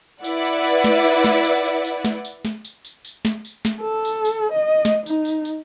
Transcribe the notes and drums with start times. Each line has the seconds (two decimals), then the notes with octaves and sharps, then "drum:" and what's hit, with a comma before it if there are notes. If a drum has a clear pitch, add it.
0.24 E4 B4 D5 E5 F#5, drum: tambourine
0.44 drum: tambourine
0.64 drum: tambourine
0.84 drum: snare
1.04 drum: tambourine
1.24 drum: snare
1.44 drum: tambourine
1.64 drum: tambourine
1.85 drum: tambourine
2.05 drum: snare
2.25 drum: tambourine
2.45 drum: snare
2.65 drum: tambourine
2.85 drum: tambourine
3.05 drum: tambourine
3.25 drum: snare
3.45 drum: tambourine
3.65 drum: snare
3.81 A4
4.05 drum: tambourine
4.25 drum: tambourine
4.52 D#5
4.85 drum: snare
5.06 D#4, drum: tambourine
5.25 drum: tambourine
5.45 drum: tambourine